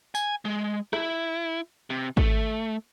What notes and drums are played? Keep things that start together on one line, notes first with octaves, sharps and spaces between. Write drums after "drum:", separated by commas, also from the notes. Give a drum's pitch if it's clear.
G#5, drum: tambourine
G#3
E4, drum: rim click
C3
A3, drum: kick G#1